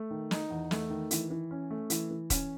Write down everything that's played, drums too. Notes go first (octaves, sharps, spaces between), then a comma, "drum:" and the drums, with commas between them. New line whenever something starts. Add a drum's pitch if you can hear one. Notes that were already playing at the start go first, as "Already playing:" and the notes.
Already playing: A3
D#3
D#4, drum: snare
E2
A3, drum: snare
D#3
E3, drum: hi-hat
E3
C#4
A3
E3, drum: hi-hat
E3
C#4, drum: kick D#1, hi-hat